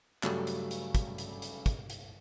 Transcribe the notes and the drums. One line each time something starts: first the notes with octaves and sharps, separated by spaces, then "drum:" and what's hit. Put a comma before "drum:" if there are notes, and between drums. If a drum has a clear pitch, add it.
G2 C#3 F#3 G3 A3, drum: clap
drum: hi-hat
drum: hi-hat
drum: kick, hi-hat
drum: hi-hat
drum: hi-hat
drum: kick, hi-hat
drum: hi-hat